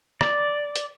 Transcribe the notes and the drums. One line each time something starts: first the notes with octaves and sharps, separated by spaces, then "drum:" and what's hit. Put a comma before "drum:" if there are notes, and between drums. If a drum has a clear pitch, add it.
D5, drum: rim click
drum: hi-hat